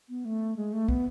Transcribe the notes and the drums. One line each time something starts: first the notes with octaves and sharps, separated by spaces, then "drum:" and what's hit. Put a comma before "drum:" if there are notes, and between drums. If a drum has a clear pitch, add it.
B3
A3
G#3
A3
B3, drum: kick